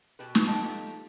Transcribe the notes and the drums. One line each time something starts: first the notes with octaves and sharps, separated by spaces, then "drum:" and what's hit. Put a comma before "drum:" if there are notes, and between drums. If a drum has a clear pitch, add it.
B2 G4 B4
drum: snare
F3 A3 D#4 G4